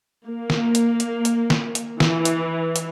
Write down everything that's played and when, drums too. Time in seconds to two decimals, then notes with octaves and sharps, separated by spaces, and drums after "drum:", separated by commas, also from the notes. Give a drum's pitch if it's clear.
0.27 A#3
0.50 drum: snare
0.75 drum: hi-hat
1.00 drum: hi-hat
1.25 drum: hi-hat
1.50 drum: snare
1.75 drum: hi-hat
2.00 E3, drum: snare
2.25 drum: hi-hat
2.76 drum: hi-hat